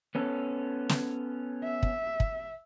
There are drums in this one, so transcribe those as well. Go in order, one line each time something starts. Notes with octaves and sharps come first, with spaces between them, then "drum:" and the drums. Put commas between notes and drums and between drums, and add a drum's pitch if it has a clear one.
B3 C#4 A4
drum: snare
E5
drum: kick
drum: kick